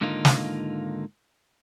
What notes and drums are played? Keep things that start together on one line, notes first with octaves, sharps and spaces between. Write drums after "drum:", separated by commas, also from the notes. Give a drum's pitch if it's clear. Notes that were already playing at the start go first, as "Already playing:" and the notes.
G#2 D3 D#3 A#3 D#4 F4
drum: snare